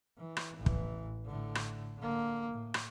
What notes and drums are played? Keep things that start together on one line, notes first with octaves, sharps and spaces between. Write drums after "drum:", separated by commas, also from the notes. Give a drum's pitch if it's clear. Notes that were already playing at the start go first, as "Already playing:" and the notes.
E3
drum: rim click
A1 E3
drum: kick
A2 D3
drum: rim click
D3 A#3
A2
drum: rim click